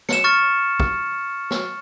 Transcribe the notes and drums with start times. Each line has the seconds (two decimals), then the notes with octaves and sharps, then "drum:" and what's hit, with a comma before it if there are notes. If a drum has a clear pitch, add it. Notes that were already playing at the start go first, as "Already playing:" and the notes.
0.09 C#7 E7, drum: snare
0.24 C#6 F6 A6
0.80 drum: kick
1.51 drum: snare